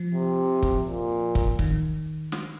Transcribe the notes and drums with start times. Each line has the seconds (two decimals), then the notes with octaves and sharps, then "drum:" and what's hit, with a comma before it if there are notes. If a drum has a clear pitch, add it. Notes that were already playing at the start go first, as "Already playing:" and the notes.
Already playing: F3
0.15 C3
0.63 drum: kick
0.87 A#2
1.35 drum: kick
1.59 D#3, drum: kick
2.32 drum: snare